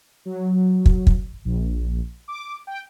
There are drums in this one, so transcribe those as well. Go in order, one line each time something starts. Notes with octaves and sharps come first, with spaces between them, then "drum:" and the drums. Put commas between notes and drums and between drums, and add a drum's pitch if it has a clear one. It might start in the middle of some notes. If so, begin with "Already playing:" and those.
F#3
drum: kick
drum: kick
A#1
D6
G5